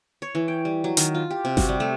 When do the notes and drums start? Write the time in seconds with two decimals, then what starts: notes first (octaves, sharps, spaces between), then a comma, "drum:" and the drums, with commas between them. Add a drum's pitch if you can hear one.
0.22 C#5
0.35 E3
0.48 G5
0.65 G3
0.84 F#3
0.97 D#3, drum: hi-hat
1.14 F4
1.31 G4
1.45 C3
1.57 F#4, drum: snare G1
1.69 G3
1.80 A3